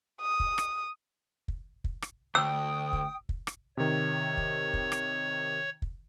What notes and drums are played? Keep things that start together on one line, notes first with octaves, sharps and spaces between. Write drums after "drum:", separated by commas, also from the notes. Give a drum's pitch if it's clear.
D#6
drum: kick
drum: rim click
drum: kick
drum: kick
drum: rim click
D2 G5 D#6 E6
drum: kick
drum: kick
drum: rim click
C3 D#3 C#5
drum: kick
drum: kick
drum: rim click
drum: kick